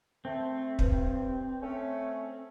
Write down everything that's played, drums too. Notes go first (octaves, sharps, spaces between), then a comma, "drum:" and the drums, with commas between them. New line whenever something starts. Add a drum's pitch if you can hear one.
A3 C4
G2, drum: kick
A3 C#4